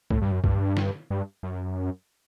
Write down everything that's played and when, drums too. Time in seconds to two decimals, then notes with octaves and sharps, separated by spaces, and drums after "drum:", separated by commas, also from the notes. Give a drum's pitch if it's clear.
0.10 A2, drum: kick
0.22 G2
0.32 F#2
0.44 G2, drum: kick
0.77 drum: snare
1.10 G2
1.43 F#2